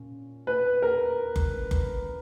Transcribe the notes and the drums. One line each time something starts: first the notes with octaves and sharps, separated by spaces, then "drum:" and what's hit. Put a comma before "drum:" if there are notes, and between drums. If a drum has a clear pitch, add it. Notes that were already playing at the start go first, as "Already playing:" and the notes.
Already playing: A#2 C#4
B4
A#4
drum: kick F#1
drum: kick F#1